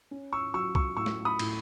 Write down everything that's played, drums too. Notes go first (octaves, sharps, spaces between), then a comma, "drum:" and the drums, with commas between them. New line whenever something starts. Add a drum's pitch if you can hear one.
C#4
C#6 E6
F#3 C#6 E6
C#6 E6, drum: kick
A2 C#6 E6
drum: snare
B5 D#6
A2, drum: cymbal